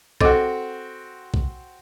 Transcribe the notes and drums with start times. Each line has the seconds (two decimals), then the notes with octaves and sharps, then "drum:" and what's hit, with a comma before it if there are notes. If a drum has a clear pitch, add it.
0.21 C4 F#4 A4 D#5 D6, drum: kick B1
1.34 drum: kick B1